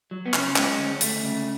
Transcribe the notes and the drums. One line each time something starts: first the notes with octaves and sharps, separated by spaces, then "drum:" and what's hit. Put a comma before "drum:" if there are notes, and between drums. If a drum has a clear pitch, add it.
F#3
B3
C#3 C#4, drum: clap
G#3 C#4, drum: clap
D2
A3, drum: hi-hat
C#3